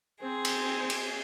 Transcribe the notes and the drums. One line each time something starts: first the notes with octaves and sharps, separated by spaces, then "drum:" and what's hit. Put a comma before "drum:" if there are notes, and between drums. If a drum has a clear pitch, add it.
C4 G#4 C5
drum: cymbal
drum: cymbal